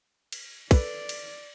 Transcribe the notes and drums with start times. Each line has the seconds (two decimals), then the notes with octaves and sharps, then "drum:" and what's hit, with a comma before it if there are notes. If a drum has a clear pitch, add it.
0.32 drum: cymbal
0.71 A4 B4 D5, drum: kick, cymbal
1.09 drum: cymbal